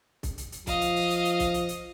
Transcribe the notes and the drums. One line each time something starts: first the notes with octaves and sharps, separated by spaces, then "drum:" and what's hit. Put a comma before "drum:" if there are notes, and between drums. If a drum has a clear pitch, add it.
drum: kick, hi-hat
drum: hi-hat
drum: hi-hat
F3 D#5 F5, drum: kick, hi-hat
drum: hi-hat
drum: open hi-hat
drum: hi-hat
drum: hi-hat
drum: kick, hi-hat
drum: hi-hat
drum: hi-hat